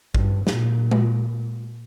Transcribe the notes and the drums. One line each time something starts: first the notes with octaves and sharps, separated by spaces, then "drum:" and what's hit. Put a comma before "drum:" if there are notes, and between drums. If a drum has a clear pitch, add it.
G2, drum: kick A1
A#2, drum: snare
drum: tom G#3